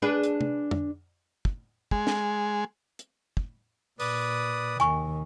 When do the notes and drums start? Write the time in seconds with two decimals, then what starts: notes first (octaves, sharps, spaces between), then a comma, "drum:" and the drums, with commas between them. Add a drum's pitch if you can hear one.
0.02 D4 G#4 B4
0.23 drum: hi-hat
0.41 drum: tom
0.71 drum: tom
1.45 drum: kick
1.91 G#3, drum: kick
2.07 drum: snare
2.99 drum: hi-hat
3.37 drum: kick
4.00 A#2 B4 D5 D#6, drum: open hi-hat
4.80 D#2 D#3 G#5 C#6, drum: hi-hat